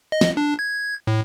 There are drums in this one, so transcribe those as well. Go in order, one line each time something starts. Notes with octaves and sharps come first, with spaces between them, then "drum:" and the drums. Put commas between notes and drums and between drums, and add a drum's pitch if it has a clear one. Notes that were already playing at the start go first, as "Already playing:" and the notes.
D#5
drum: snare
D4
G#6
A2